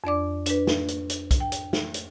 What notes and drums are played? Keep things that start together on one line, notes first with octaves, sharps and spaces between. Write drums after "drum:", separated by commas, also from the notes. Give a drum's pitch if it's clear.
F2 D4 D5 D6
D4 B4, drum: hi-hat
drum: snare
drum: hi-hat
drum: hi-hat
drum: kick, hi-hat
G5
drum: hi-hat
drum: snare
drum: hi-hat